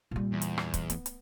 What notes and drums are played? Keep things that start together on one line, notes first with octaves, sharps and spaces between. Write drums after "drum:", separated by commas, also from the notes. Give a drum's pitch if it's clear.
A#2 G3
E2
drum: hi-hat
drum: rim click
drum: kick, hi-hat
B3, drum: hi-hat
drum: hi-hat